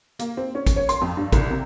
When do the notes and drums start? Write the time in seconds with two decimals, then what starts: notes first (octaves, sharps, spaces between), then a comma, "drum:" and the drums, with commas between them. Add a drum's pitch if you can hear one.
0.19 A#3, drum: hi-hat
0.37 C4
0.55 C#4
0.67 drum: kick, hi-hat
0.76 C#5
0.89 C6, drum: hi-hat
1.01 F2
1.17 G2
1.32 C2, drum: kick, hi-hat
1.51 C3